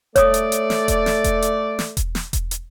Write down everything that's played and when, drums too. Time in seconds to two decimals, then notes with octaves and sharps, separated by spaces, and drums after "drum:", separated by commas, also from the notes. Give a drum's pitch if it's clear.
0.16 A3 C#5 D5 D#6, drum: kick E1, hi-hat
0.34 drum: hi-hat
0.52 drum: hi-hat
0.70 drum: snare
0.88 drum: kick E1, hi-hat
1.06 drum: snare
1.24 drum: kick E1, hi-hat
1.42 drum: hi-hat
1.79 drum: snare
1.97 drum: kick E1, hi-hat
2.15 drum: snare
2.33 drum: kick E1, hi-hat
2.51 drum: hi-hat